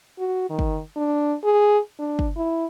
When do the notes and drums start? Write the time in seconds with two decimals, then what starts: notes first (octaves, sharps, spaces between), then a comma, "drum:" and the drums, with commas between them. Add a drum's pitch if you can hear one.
0.18 F#4
0.49 D#3
0.59 drum: kick
0.96 D4
1.44 G#4
1.99 D4
2.19 drum: kick
2.37 E4